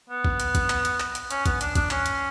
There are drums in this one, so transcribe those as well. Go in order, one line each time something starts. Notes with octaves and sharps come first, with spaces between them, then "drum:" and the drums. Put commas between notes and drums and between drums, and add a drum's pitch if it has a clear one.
B3
drum: kick A#1
drum: hi-hat
drum: kick A#1, hi-hat
drum: clap
drum: hi-hat
drum: clap
drum: hi-hat
C#4, drum: hi-hat
B3, drum: kick A#1, hi-hat
D4, drum: hi-hat
D4, drum: kick A#1, hi-hat
C#4, drum: clap
drum: hi-hat